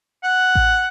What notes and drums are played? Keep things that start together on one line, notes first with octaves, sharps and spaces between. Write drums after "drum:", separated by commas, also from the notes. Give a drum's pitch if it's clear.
F#5
drum: kick A1